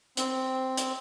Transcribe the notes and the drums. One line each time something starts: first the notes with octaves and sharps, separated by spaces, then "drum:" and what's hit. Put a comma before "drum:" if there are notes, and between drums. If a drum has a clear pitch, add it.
C4, drum: hi-hat
drum: hi-hat